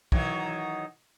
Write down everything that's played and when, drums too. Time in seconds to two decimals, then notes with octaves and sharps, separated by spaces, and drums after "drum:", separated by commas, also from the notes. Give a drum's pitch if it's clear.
0.12 D#3 E3 F#3, drum: kick